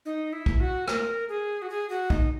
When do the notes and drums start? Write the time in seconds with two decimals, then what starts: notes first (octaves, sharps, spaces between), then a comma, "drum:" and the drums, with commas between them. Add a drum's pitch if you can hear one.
0.05 D#4
0.33 E4
0.46 drum: kick
0.60 F#4
0.88 A#4, drum: rim click
1.29 G#4
1.62 F#4
1.70 G#4
1.90 F#4
2.10 D#4, drum: kick